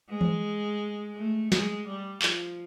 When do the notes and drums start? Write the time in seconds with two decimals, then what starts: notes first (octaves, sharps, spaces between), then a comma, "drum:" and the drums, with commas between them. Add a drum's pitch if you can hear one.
0.10 G#3
0.21 drum: tom E3
1.16 A3
1.52 G#3, drum: snare
1.87 G3
2.22 F3, drum: clap